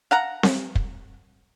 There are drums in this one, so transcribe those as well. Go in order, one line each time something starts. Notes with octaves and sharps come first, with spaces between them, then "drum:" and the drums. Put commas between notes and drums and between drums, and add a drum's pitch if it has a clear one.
F5 F#5 A#5
drum: snare C4
drum: kick